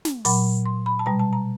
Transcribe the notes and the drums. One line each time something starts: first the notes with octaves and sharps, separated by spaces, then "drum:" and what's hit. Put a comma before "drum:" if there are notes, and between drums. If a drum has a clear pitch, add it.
drum: snare
A#2 F#3 B5, drum: open hi-hat
C6
B5
A5
B2 G3 A#5
A5
A#5